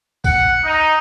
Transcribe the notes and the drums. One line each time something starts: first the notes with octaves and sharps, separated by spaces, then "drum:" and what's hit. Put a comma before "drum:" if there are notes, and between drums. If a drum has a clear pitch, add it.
F#5, drum: kick B1, tambourine
D#4